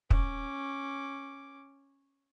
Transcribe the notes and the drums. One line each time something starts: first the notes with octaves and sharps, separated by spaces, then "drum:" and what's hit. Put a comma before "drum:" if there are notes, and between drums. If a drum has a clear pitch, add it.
C#4 D6, drum: kick